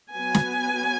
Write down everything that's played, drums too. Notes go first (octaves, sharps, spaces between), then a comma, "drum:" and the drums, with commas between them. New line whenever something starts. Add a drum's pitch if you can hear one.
F#3 B3 G#5
drum: snare